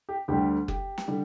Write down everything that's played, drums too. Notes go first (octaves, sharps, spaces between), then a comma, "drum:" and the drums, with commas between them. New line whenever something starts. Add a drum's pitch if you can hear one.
G4
D2 D3 G3 G4
G4, drum: kick F#1
drum: snare
D3 G3